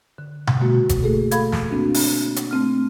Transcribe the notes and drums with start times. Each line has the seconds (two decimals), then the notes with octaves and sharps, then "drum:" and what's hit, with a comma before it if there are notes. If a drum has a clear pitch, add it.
0.18 D3
0.47 drum: tom B2
0.60 B2 G#3 A#3 F#4
0.89 drum: kick, hi-hat
1.02 A3 G#4 A4
1.31 A4 F5 B5 G#6, drum: hi-hat
1.52 drum: snare
1.70 A#3 C4 D4 F#4
1.94 drum: open hi-hat
2.36 drum: hi-hat
2.51 A3 C4 F6